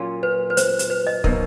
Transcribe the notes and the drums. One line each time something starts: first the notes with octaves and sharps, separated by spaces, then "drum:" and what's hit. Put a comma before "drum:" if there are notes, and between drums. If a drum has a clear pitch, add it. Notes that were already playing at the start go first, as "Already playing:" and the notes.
Already playing: A#2 F#3 A#3 C#4 F4
B4
B4
C5, drum: hi-hat
drum: hi-hat
B4
D#5
B2 F#3 A#3 D#4 A#4, drum: kick